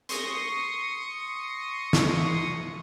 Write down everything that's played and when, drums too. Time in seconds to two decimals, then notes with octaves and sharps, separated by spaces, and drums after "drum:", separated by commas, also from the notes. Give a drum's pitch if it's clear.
0.09 C6 C#6 D#6 A#6, drum: hi-hat
1.93 drum: snare